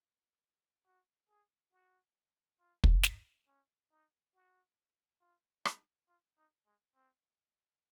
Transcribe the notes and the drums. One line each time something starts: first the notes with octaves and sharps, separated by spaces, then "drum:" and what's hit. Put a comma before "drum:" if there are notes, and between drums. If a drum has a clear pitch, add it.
F#4
G#4
F#4
F4
drum: kick
D#4, drum: snare
C#4
D#4
F#4
F4
D#4, drum: rim click
F4
D#4
G#3
C4